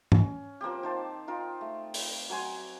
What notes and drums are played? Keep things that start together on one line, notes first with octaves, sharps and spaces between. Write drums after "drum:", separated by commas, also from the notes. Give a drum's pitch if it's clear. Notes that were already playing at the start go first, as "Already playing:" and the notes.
C#4, drum: tom
F3 A#3 C4 G4
D#3 C5 A5
D#4 F4 A#4
A3
drum: open hi-hat
F#3 A#4 G#5 C6